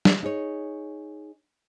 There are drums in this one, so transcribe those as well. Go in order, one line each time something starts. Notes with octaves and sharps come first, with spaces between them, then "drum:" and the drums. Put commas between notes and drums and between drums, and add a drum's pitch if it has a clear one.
drum: snare
D#4 G#4 C#5